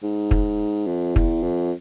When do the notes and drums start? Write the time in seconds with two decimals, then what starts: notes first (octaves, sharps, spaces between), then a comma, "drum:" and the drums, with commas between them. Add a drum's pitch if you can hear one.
0.03 G#2
0.31 drum: kick
0.87 F2
1.16 E2, drum: kick
1.43 F2